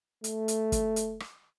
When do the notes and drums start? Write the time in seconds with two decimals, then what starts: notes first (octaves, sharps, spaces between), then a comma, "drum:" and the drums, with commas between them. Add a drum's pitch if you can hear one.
0.24 A3, drum: hi-hat
0.48 drum: hi-hat
0.72 drum: kick, hi-hat
0.96 drum: hi-hat
1.20 drum: rim click